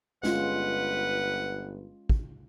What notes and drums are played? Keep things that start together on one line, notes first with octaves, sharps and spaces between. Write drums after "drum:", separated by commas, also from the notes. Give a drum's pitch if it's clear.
G1 G#3 C#4 F4 B4 F#5, drum: snare
drum: kick